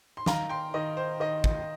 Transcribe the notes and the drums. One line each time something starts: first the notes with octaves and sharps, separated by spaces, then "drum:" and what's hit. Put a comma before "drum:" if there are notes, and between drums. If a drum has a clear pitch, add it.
C6
D#3 F5 A#5, drum: snare
G5 C6
D#3 D#5
C5
D#3 D#5
drum: kick